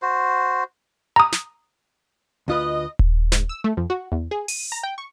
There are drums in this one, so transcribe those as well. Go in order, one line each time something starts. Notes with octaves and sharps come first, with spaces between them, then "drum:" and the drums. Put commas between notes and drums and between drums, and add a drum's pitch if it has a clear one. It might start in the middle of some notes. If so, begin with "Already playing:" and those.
F#4 C5
A#5 D#6
drum: snare
D2 F4 B4 D#5
drum: kick D#1
G#2, drum: snare
E6
A3
F2
F#4
E2
G#4
D#7, drum: open hi-hat
A#5
G5
C#6